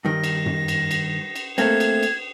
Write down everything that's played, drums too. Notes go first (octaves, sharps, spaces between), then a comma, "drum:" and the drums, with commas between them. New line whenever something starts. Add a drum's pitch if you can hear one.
G2 D#3 A#6
drum: cymbal
drum: tom F#2
drum: cymbal
drum: cymbal
drum: cymbal
A3 A#3 C4 G#6, drum: cymbal
drum: cymbal
drum: cymbal